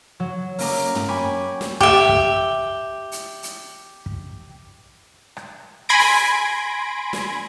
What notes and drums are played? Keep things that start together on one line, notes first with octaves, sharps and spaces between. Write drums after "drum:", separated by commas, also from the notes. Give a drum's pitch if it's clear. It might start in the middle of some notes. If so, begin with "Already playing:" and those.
F#3
A#3 C#4 A#5 D6, drum: open hi-hat
drum: tom
G5 G#5 B5 C#6 D6
drum: snare
G4 E5, drum: kick
drum: kick
drum: hi-hat
drum: hi-hat
drum: kick
drum: rim click
G#5 B5 C6 G#6 A#6 D7
drum: open hi-hat
drum: snare